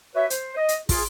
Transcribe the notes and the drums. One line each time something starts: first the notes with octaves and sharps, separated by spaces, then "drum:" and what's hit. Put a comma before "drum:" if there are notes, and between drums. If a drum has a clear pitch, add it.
F#4 B4 C#5 E5
C5, drum: hi-hat
D#5
drum: hi-hat
F4 G#4, drum: kick, open hi-hat